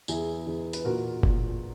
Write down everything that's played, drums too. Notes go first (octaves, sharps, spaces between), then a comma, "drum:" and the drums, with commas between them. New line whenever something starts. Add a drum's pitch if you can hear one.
E2 E4 G#4, drum: tambourine
E2
B4, drum: hi-hat
A#2 F#4 A#4
A#2, drum: kick F#1